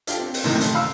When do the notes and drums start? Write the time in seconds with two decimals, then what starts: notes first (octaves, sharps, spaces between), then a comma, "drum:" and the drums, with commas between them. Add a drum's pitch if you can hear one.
0.07 D4 F4 G4 A4, drum: hi-hat
0.19 C4
0.34 drum: open hi-hat
0.43 F#2 A2 C3 D#3
0.61 A3 A4, drum: hi-hat
0.74 F5 B5 E6